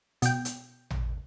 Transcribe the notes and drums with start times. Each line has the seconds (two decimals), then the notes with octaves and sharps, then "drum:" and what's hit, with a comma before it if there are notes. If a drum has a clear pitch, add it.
0.22 B2 G5, drum: hi-hat
0.45 drum: hi-hat
0.91 drum: tom